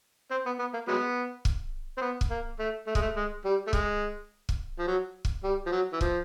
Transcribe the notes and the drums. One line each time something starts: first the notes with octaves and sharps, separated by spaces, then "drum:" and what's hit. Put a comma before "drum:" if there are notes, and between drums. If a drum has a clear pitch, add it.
C4
B3
B3
A#3
F#3 G#3 B3
drum: kick
C4
B3
drum: kick
A#3
A3
A3
G#3, drum: kick
A3
G#3
G3
A3
G#3, drum: kick
drum: kick
F3
F#3
drum: kick
G3
F3
F#3
E3
F3, drum: kick